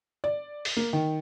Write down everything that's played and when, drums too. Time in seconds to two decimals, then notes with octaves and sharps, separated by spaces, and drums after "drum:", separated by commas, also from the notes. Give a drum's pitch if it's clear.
0.24 D5
0.65 drum: open hi-hat
0.77 A#3
0.93 D#3